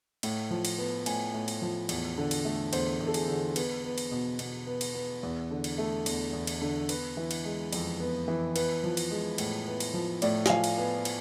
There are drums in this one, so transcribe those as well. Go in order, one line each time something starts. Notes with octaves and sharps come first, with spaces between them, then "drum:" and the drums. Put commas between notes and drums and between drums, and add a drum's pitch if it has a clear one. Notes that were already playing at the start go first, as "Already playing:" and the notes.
A2, drum: cymbal
F3
drum: cymbal
B3
A2 G#5, drum: cymbal
A2
drum: cymbal
F3
E2, drum: cymbal
D3
drum: cymbal
A3
E2 C5, drum: cymbal
E2
A4
G#4, drum: cymbal
D3
B3, drum: cymbal
B3
drum: cymbal
B2
B2, drum: cymbal
B3
drum: cymbal
B3
E2
D3
drum: cymbal
A3
E2, drum: cymbal
E2
drum: cymbal
D3
B3 B4, drum: cymbal
E3
drum: cymbal
G#3
F2, drum: cymbal
B3
E3
B3 B4, drum: cymbal
F3
drum: cymbal
G#3
A2, drum: cymbal
B3
drum: cymbal
F3
A2 D5, drum: cymbal
G#5, drum: snare
F3 F5
drum: cymbal
B3 G#5
drum: cymbal